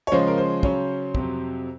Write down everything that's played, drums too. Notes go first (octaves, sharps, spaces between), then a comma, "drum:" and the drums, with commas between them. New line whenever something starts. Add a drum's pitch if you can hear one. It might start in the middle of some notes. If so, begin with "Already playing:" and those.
C#5
C#3 F3 G#3 C#4 C5
A#4
C5
C#3 F#3 C#4, drum: kick
F2 C3 F#3, drum: kick